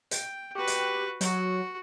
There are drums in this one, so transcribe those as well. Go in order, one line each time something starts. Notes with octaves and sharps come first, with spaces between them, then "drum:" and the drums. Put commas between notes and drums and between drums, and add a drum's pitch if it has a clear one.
G5, drum: hi-hat
F#4 G4 B4
drum: hi-hat
F#3 F#4, drum: hi-hat